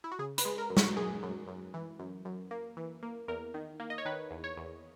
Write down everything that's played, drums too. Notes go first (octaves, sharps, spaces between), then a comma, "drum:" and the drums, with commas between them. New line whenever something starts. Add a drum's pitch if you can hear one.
E4
F#4
C#3 G#4
B4, drum: hi-hat
G#3
A#4
F#2
F#4, drum: snare
F#2 G#4
F#2
F#2
E3
F#2
F#2
A#3
E3
A#3
E2 A#4
D#3
A#3
D#5
C#5
D#3 B4
E2
C#5
E2